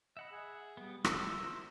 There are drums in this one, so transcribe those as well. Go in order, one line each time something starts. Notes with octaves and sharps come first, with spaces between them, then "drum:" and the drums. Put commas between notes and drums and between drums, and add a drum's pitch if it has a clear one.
D#5 E5 F#5 B5
G#4
G3 B3
G3 E4 F#4 E6, drum: rim click
A#4 C5